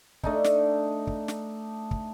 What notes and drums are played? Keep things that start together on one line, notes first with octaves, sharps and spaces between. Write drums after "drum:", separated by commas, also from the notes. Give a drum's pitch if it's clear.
A3 D4 D#4, drum: kick
drum: snare
drum: kick
drum: snare
drum: kick